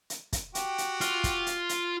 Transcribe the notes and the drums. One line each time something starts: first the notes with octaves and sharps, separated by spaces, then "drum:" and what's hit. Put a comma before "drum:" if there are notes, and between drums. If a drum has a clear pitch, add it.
drum: hi-hat
drum: kick, hi-hat
F#4 G4 G5, drum: hi-hat
drum: hi-hat
F4, drum: hi-hat
drum: kick, hi-hat
drum: hi-hat
drum: hi-hat